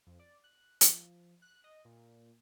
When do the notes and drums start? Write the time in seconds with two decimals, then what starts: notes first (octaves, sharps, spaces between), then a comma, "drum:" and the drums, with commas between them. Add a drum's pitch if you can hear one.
0.06 F2
0.19 D5
0.44 F#6
0.81 F3, drum: hi-hat
1.42 F#6
1.64 D#5
1.85 A#2